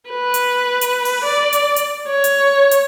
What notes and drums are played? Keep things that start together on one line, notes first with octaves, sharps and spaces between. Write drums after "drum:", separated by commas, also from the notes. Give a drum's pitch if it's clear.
B4
drum: hi-hat
drum: hi-hat
drum: open hi-hat
D5
drum: hi-hat
drum: hi-hat
C#5
drum: hi-hat
drum: hi-hat